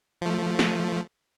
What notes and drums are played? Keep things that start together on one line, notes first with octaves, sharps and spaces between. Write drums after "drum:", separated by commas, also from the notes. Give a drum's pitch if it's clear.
F3 A3
drum: snare